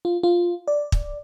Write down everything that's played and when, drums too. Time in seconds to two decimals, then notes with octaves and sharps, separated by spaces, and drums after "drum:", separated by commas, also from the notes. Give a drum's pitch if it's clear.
0.05 F4
0.23 F4
0.68 D5
0.92 drum: kick